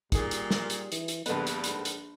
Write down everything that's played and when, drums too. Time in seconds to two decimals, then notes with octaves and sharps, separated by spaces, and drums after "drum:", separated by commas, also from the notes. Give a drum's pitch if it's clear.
0.12 A#2 D#3 G3 G#4, drum: kick A1, hi-hat
0.31 drum: hi-hat
0.51 drum: snare
0.70 drum: hi-hat
0.92 E3, drum: hi-hat
1.08 drum: hi-hat
1.26 A#1 G2 D3 B3 B4, drum: hi-hat
1.47 drum: hi-hat
1.64 G#2, drum: hi-hat
1.85 drum: hi-hat